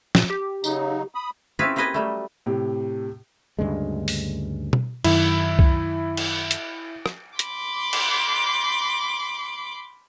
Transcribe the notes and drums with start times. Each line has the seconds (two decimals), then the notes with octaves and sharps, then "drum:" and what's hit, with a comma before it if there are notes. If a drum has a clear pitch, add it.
0.15 A#2, drum: snare
0.30 G4
0.64 C#3 F#3 D#4, drum: tambourine
1.15 B5 D#6
1.59 C4 C#4 E4 F4 G#4 B4
1.76 A#3 G4 G#4 B4 D#5 G#5
1.94 F#3 G3 A3
2.46 A2 C3 G4
3.59 D2 G2 C#3 G#3
4.08 drum: open hi-hat
4.73 drum: tom B2
5.04 F#2 D#3 E4, drum: cymbal
5.59 drum: kick C2
6.17 drum: cymbal
6.51 drum: hi-hat
7.06 drum: rim click
7.39 B5 C6 D6, drum: hi-hat
7.93 drum: cymbal